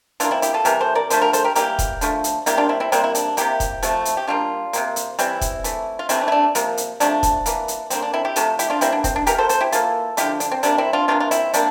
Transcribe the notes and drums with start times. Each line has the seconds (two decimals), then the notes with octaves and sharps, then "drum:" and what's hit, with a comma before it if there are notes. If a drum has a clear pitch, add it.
0.20 E3 A#3 D4 F4, drum: hi-hat
0.31 C4 E4
0.42 E4 G4, drum: hi-hat
0.54 F4 A4
0.65 C3 E3 G3 A#4, drum: hi-hat
0.80 A4 C5
0.95 A#4 D5
1.10 D3 F3 A3 A4 C5, drum: hi-hat
1.22 G4 A#4
1.33 A4 C5, drum: hi-hat
1.44 G4 A#4
1.55 E3 G3 A#3 G4 A#4, drum: hi-hat
1.79 drum: kick E1, hi-hat
2.01 D3 F3 A3, drum: hi-hat
2.24 drum: hi-hat
2.46 C3 G3 A#3 E4 G4, drum: hi-hat
2.58 D4 F4
2.69 C4 E4
2.80 C4 E4
2.92 C3 G3 A#3 C4, drum: hi-hat
3.04 E4
3.15 D4, drum: hi-hat
3.37 C3 E3 A#3 E4 G4, drum: hi-hat
3.60 drum: kick E1, hi-hat
3.83 C3 F3 A3, drum: hi-hat
4.05 drum: hi-hat
4.17 G4
4.28 D3 G3 A#3 D4 F4
4.73 C3 G3 A#3, drum: hi-hat
4.96 drum: hi-hat
5.19 C3 E3 G3 C4 E4, drum: hi-hat
5.41 drum: kick E1, hi-hat
5.64 E3 A3, drum: hi-hat
5.99 F4
6.09 C3 E3 A3 C4 E4, drum: hi-hat
6.21 D4
6.28 E4
6.32 D4
6.55 C3 F3 A#3, drum: hi-hat
6.77 drum: hi-hat
7.00 C3 F3 A3 D4, drum: hi-hat
7.23 drum: kick E1, hi-hat
7.46 E3 A#3, drum: hi-hat
7.68 drum: hi-hat
7.90 D3 G3 A#3 C4, drum: hi-hat
8.02 D4
8.13 C4 E4
8.25 E4 G4
8.36 C3 F3 A3 F4 A4, drum: hi-hat
8.59 E4 G4, drum: hi-hat
8.70 D4 F4
8.81 E3 G3 A#3 C4 E4, drum: hi-hat
8.92 D4
9.04 C4, drum: kick E1, hi-hat
9.16 D4
9.27 E3 A#3 G4 A#4, drum: hi-hat
9.38 A4 C5
9.49 A4 C5, drum: hi-hat
9.61 E4 G4
9.72 E3 A#3 F4 A4, drum: hi-hat
10.17 D3 F3 A3 E4 G4, drum: hi-hat
10.40 D4, drum: hi-hat
10.52 C4
10.63 C3 G3 A#3 D4, drum: hi-hat
10.78 C4 E4
10.93 D4 F4
11.08 C3 E3 A#3 D4 F4
11.20 F4
11.31 C4 E4, drum: hi-hat
11.53 C3 G3 A#3 D4, drum: hi-hat